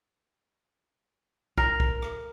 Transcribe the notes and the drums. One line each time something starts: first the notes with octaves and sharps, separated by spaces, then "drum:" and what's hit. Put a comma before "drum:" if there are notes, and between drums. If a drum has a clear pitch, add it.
A#4, drum: kick
drum: kick
drum: rim click